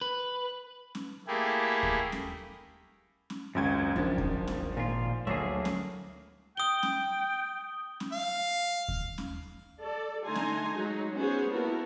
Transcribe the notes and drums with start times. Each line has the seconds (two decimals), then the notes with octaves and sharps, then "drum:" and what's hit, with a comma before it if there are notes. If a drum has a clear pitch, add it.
0.01 B4
0.95 drum: snare
1.28 A3 A#3 E4 G4 G#4
1.83 drum: kick D#2
2.12 drum: snare
3.30 drum: snare
3.55 G#1 C#2 F#2 G#6
3.96 G#1 D#3 F3 D4
4.18 drum: kick D#2
4.47 drum: snare
4.77 A#2 F4 G#5
5.27 D2 F#3 A3 A#3 G#4
5.65 drum: snare
6.57 G5 D#6 G7
6.83 drum: snare
8.00 drum: snare
8.12 F5
8.88 drum: kick D#2
9.18 drum: snare
9.81 A4 D5
10.26 D3 A3 D#4 G#5 A#5 C6
10.35 drum: snare
10.72 F#3 G#3 D#4
11.15 B3 C#4 F#4 G#4 C5 C#5
11.49 A#3 B3 E4 F#4 A4 A#4